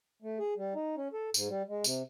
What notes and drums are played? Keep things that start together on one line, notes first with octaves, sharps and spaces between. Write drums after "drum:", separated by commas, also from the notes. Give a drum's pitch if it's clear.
A3
G#4
G3
D#4
C#4
A4
G#2, drum: tambourine
G3
G#3
C3, drum: tambourine